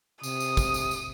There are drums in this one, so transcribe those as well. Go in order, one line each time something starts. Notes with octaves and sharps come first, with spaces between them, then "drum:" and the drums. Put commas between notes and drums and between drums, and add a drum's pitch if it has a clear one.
C3 D#6, drum: tambourine
drum: tambourine
drum: kick, tambourine
drum: tambourine
drum: tambourine